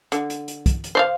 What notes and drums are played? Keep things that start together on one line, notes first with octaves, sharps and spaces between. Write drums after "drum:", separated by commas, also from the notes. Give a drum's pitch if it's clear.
D3, drum: hi-hat
drum: hi-hat
drum: hi-hat
drum: kick, hi-hat
drum: hi-hat
C5 D5 F5